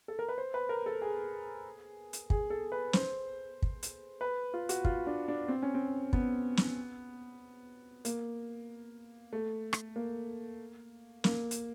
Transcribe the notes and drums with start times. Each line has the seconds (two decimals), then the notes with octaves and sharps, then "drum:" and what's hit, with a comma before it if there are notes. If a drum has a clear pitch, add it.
0.08 A4
0.19 A#4
0.29 B4
0.38 C5
0.54 B4
0.69 A#4
0.86 A4
1.02 G#4
2.13 drum: hi-hat
2.30 G#4, drum: kick
2.50 A4
2.72 B4
2.93 C5, drum: snare
3.62 drum: kick
3.83 drum: hi-hat
4.21 B4
4.54 F4
4.69 F#4, drum: hi-hat
4.85 F4, drum: kick
5.07 D4
5.28 D4
5.48 C4
5.63 C#4
5.75 C4
6.13 B3, drum: kick
6.57 drum: snare
8.05 A#3, drum: hi-hat
9.33 A3
9.73 drum: rim click
9.96 A#3
11.24 A#3, drum: snare
11.51 drum: hi-hat